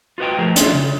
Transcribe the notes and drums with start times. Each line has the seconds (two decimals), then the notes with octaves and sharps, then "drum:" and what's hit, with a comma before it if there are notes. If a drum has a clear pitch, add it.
0.18 F4 F#4 B4 D#5 G5
0.39 F3 A3 G#4 A#4
0.56 F2 F4 F#4 A4 E5 C6, drum: hi-hat
0.73 C#3